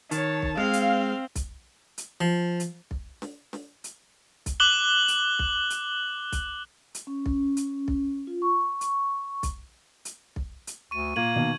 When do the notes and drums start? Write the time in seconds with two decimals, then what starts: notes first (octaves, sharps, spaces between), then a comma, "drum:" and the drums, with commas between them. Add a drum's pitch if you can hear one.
0.11 D#3 C#5 A5, drum: hi-hat
0.42 drum: kick B1
0.57 G#3 C4 F5
0.73 drum: hi-hat
1.35 drum: kick B1, hi-hat
1.98 drum: hi-hat
2.21 F3
2.60 drum: hi-hat
2.91 drum: kick B1
3.22 drum: snare
3.53 drum: snare
3.84 drum: hi-hat
4.46 drum: kick B1, hi-hat
4.60 D6 F#6 F#7 G7
5.08 drum: hi-hat
5.39 drum: kick B1
5.70 drum: hi-hat
6.32 drum: kick B1, hi-hat
6.95 drum: hi-hat
7.07 C#4
7.26 drum: kick B1
7.57 drum: hi-hat
7.88 drum: kick B1
8.27 F4
8.42 C#6
8.81 drum: hi-hat
9.43 drum: kick B1, hi-hat
10.05 drum: hi-hat
10.36 drum: kick B1
10.67 drum: hi-hat
10.91 D2 C#6 D#7
11.16 A#2 A#3 G#6 D#7 F#7
11.36 B2 D#3